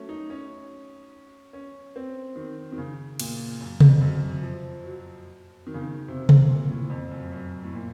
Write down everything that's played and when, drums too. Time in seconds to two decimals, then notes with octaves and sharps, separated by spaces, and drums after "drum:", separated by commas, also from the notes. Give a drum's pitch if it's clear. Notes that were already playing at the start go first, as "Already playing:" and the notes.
Already playing: F#3 A3 C#4
0.09 D#4
0.30 C#4
1.53 C#4
1.96 C4
2.36 D#3
2.72 D#3
2.78 C#3
3.20 A#2, drum: cymbal
3.61 F#2
3.80 F2, drum: tom C3
4.01 F#2
4.42 F3
4.84 F#3
5.67 D#3
5.74 C#3
5.81 D#3
6.08 C3
6.29 drum: tom C3
6.49 A#2
6.70 A2
6.90 F2
7.11 F#2
7.32 F#2
7.63 A2
7.74 A#2